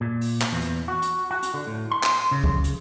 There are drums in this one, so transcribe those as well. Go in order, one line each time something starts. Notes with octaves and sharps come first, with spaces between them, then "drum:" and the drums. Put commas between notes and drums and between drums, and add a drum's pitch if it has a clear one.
A#2
drum: open hi-hat
drum: clap
E2
drum: hi-hat
F#4
drum: hi-hat
F#4
drum: hi-hat
D3
A2
C6
drum: clap
C#3
drum: kick C#2
drum: hi-hat